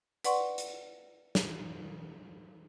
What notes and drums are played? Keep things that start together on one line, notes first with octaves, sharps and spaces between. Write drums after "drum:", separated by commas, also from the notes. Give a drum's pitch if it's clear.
B4 D5 F#5 C6 C#6, drum: hi-hat
drum: hi-hat
drum: snare